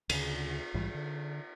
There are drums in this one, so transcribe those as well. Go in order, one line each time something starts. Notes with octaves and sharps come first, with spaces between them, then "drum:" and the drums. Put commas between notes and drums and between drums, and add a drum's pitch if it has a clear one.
D2 C#3, drum: cymbal
A#1 G#2 E3 G3
D3